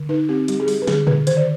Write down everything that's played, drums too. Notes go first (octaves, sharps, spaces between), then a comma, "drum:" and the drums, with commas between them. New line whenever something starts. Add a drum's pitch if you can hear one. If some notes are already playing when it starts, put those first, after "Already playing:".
Already playing: D3
D#4 B4
C4 G4
G3 G4, drum: hi-hat
G#4
G3 G4, drum: open hi-hat
B4
D3 G#4, drum: snare
D3 B4, drum: tom A#2
D#3 C5, drum: hi-hat
D5